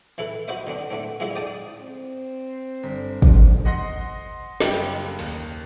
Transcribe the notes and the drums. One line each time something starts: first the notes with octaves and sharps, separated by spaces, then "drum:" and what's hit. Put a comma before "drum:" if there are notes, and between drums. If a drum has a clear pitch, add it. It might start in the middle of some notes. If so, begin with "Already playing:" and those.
E3 E4 A4 B4
F#4 B4 C5 D#5 E5
D3 B3 C4 D4
A3 B3 C4 D4
D3 G#3 C4 E4 F4 G#4
D5 G5 A5 D#6
C4
G1 B6
F3, drum: kick
D#5 F#5 C6 A#6
F#1 G3 G5, drum: snare
D#2, drum: open hi-hat